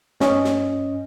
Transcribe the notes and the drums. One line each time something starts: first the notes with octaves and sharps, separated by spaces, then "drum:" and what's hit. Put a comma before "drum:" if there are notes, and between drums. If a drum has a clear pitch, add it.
G2 C#4 D#5, drum: snare
drum: snare